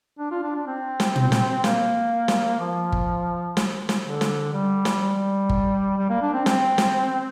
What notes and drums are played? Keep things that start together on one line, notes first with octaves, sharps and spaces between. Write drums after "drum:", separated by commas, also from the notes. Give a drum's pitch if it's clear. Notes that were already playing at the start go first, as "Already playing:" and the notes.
D4
F4
D4
D4
C4
drum: snare
drum: tom
drum: snare
A#3, drum: snare
drum: snare
F3
drum: kick G1
drum: snare
drum: snare
D3
drum: snare
G3
drum: snare
G3
drum: kick G1
G3
A#3
D4
C4
C4, drum: snare
drum: snare